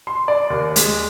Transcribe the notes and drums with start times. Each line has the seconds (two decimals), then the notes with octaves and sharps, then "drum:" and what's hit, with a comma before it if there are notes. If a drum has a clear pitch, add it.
0.07 C6
0.28 D5
0.50 D#2
0.76 G#3, drum: hi-hat